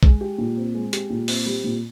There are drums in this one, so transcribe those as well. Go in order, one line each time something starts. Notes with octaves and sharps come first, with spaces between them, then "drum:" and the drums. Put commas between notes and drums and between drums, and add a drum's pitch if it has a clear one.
G#3, drum: kick A#1
G4
A#2
C4
G#3
G4, drum: hi-hat
A#2
C4, drum: open hi-hat
G3
A#2